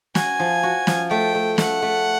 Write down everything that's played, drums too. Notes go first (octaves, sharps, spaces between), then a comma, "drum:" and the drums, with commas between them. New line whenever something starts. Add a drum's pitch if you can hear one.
F#4 G#5, drum: snare
F3
F#4
F3, drum: snare
A3 G5
A3
A3 F#5, drum: snare
A3